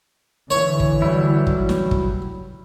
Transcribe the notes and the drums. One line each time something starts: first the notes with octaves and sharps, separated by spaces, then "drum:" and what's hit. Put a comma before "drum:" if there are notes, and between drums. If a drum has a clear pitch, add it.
D3 E3 C#5
drum: kick
F#3 G3 E4
drum: kick
drum: snare
drum: kick